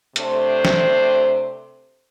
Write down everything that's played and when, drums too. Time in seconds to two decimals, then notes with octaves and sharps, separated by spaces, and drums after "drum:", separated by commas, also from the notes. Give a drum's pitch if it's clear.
0.16 C3 A3 D4 C5, drum: hi-hat
0.65 drum: snare